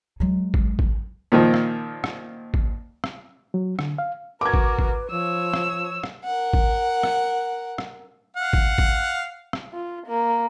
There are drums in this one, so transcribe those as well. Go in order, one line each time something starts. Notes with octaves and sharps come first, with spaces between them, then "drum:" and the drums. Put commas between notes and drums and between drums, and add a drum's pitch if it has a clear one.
F#3 G#3
drum: kick G#1
drum: kick G#1
A#2 D#3 F3
drum: rim click
drum: rim click
drum: kick G#1
drum: rim click
F#3
D3, drum: rim click
F5
F#4 A#4 B4 D6 G#6
drum: kick G#1
drum: kick G#1
F3 C#5 E6
drum: rim click
drum: rim click
A#4 F#5
drum: kick G#1
drum: rim click
drum: rim click
F5 F#5
drum: kick G#1
drum: kick G#1
drum: rim click
F4
A#3